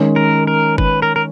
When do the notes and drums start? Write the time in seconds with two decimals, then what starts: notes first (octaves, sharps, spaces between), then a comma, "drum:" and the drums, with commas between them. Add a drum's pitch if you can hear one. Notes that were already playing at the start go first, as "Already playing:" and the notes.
Already playing: D#3 G#3 C#4
0.16 A#4
0.47 A#4
0.78 B4, drum: kick
1.02 A#4
1.16 A#4